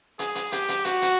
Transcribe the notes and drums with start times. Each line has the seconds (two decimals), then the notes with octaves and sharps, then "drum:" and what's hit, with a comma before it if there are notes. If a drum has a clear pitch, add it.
0.19 G#4, drum: hi-hat
0.35 drum: hi-hat
0.52 G4, drum: hi-hat
0.68 drum: hi-hat
0.85 F#4, drum: hi-hat
1.02 drum: hi-hat